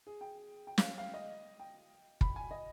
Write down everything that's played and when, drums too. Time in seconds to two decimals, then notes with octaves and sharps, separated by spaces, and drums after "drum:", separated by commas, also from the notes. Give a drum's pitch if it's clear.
0.07 G#4
0.21 G5
0.67 G5
0.78 F5, drum: snare
0.98 F5
1.14 D#5
1.59 G5
2.21 B5, drum: kick
2.36 G#5
2.51 D#5